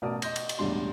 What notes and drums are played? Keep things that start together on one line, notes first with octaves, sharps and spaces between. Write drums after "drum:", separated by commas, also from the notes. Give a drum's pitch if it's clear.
A1 B2 A#4 D5 A5 D#6
D#5 C6 G6 A#6, drum: cymbal
drum: cymbal
drum: cymbal
E1 A1 E2 G3 D4 C6